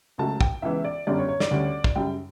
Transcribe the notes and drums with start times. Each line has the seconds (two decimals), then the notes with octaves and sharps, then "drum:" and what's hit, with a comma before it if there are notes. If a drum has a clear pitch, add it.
0.18 C#2 C#3 F#3 A3 A5
0.41 G5, drum: kick
0.62 C#2 C#3 E3 B3 E5
0.84 D5
1.07 G1 F#2 D3 G3 C#4 D5
1.19 C#5
1.29 C#5
1.40 D5, drum: snare
1.51 D2 D3 G3 C#4
1.84 drum: kick
1.95 F#2 C#3 G3 G5